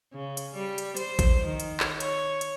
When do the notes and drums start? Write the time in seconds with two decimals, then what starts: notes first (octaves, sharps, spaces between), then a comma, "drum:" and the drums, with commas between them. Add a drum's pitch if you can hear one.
0.13 C#3
0.37 drum: hi-hat
0.54 G3
0.78 drum: hi-hat
0.97 C5, drum: hi-hat
1.19 drum: kick A#1, hi-hat
1.44 D#3
1.60 drum: hi-hat
1.80 drum: clap
2.00 C#5, drum: hi-hat
2.41 drum: hi-hat